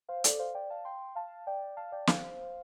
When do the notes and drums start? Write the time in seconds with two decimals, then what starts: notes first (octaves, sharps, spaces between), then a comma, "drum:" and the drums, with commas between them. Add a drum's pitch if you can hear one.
0.09 C5 F5
0.24 A4 D5, drum: hi-hat
0.39 C5 F5
0.55 D5 G5
0.70 F5 A5
0.85 G5 C6
1.15 F5 A5
1.47 D5 G5
1.77 F5 A5
1.92 D5 G5
2.07 C5 F5, drum: snare